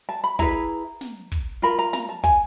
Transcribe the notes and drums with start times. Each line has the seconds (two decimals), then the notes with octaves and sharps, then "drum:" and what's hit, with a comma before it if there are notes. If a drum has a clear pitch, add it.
0.09 A5
0.24 B5
0.39 E4 G#4 B4 A#5, drum: kick
1.01 drum: snare
1.32 drum: kick
1.62 F4 A#4 B5
1.79 A#5
1.93 A#5, drum: snare
2.09 A5
2.24 G#5, drum: kick